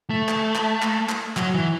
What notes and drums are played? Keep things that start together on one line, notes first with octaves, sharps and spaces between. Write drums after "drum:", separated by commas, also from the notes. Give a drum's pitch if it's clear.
A3
drum: clap
drum: clap
drum: clap
drum: clap
F#3, drum: clap
E3